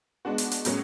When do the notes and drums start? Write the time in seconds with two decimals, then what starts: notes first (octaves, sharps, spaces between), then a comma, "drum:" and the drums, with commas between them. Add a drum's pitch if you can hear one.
0.25 G#3 B3 D4 F#4
0.38 drum: hi-hat
0.52 drum: hi-hat
0.65 A2 F#3 C#4 G#4, drum: hi-hat